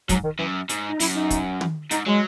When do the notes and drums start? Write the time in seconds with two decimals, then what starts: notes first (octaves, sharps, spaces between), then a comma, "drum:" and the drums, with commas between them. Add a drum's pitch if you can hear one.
0.09 G#2 F#3, drum: kick, hi-hat
0.24 D#3
0.39 F#2 E3
0.69 G#2, drum: hi-hat
0.89 D#4
1.00 F#2 E4, drum: open hi-hat
1.16 D#4
1.30 drum: kick, hi-hat
1.61 drum: tom
1.91 G#2 D#4, drum: hi-hat
2.06 F#3 G#3